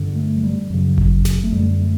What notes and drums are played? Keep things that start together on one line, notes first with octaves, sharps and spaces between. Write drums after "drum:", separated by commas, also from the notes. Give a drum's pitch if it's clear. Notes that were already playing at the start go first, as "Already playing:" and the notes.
Already playing: G2 D3
A3
F#3
G3
F#2 C#3 F#3
drum: kick G1
drum: snare G1
A3
F#2 D3 G3
A3